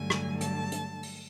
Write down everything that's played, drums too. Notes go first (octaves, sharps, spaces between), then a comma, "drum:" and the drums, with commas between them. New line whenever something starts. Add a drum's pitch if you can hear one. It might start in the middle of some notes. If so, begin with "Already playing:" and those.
Already playing: G2 D3 F#3 A3 G#5
drum: rim click
A5, drum: hi-hat
drum: hi-hat
drum: open hi-hat